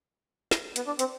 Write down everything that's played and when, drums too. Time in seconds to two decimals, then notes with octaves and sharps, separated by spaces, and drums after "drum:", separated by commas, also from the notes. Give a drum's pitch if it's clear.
0.51 drum: snare
0.76 B3, drum: hi-hat
0.87 D4
0.99 C4, drum: hi-hat